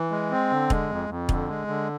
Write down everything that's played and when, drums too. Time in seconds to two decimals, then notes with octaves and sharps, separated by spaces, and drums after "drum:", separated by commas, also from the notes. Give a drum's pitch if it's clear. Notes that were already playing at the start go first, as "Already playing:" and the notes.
Already playing: E3
0.11 G#3
0.31 C4
0.51 D3
0.70 G#3, drum: kick E1
0.90 F2
1.09 F2
1.29 D3, drum: kick E1
1.48 G#3
1.67 D3